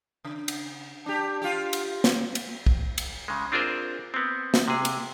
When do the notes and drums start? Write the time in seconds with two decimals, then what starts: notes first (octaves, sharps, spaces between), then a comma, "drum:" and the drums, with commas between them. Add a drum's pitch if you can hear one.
0.25 C#3
0.48 drum: cymbal
1.06 D4 G4
1.42 F4 G4
1.73 drum: cymbal
2.04 drum: snare
2.35 drum: cymbal
2.66 drum: kick
2.98 drum: cymbal
3.28 C#3 G#3
3.52 C4 D4 F4 G#4 A#4 C5
4.14 B3 C4
4.54 drum: snare
4.68 C3 G#4
4.85 drum: cymbal